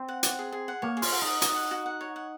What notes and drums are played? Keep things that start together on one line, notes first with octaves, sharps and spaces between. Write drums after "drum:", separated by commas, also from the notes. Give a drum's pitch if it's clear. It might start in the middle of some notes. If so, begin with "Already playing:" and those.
Already playing: C4
F#5
F#5, drum: hi-hat
G#4
G#4
F#5
A#3 C#5
G#4
F4, drum: open hi-hat
F#5
D#4
F#5
D#4 F#4, drum: hi-hat
F#5
F#4
F#5
C#5
F#5